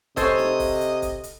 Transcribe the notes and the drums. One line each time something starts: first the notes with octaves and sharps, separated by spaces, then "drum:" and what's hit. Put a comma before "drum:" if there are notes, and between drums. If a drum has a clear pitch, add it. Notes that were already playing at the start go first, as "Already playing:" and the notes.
C3 A4 C5 C#5 D#5 G#5, drum: kick, hi-hat
drum: snare
drum: kick, open hi-hat
drum: hi-hat
drum: kick, hi-hat
drum: hi-hat